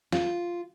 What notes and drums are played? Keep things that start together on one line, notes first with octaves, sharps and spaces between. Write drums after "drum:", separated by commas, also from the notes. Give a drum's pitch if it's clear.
F4, drum: snare